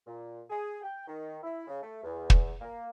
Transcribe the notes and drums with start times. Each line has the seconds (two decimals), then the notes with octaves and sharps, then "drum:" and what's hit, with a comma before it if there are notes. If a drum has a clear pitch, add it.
0.07 A#2
0.50 G#4
0.82 G5
1.07 D#3
1.43 E4
1.68 C#3
1.83 A3
2.04 E2
2.30 drum: kick
2.61 A#3